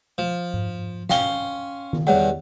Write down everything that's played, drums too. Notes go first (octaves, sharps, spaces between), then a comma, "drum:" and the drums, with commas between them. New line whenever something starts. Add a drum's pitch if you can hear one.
F3
drum: tom G#2
C#4 F5 G5 C6 G7, drum: snare
drum: tom D#3
E2 G2 C#5 F#5